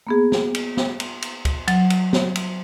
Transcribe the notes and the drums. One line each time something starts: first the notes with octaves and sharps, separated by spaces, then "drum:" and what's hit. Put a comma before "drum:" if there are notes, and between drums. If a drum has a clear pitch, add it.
A#3 B3 G#4
drum: snare
drum: cymbal
drum: snare
drum: cymbal
drum: cymbal
drum: kick, cymbal
F#3, drum: cymbal
drum: cymbal
drum: snare
drum: cymbal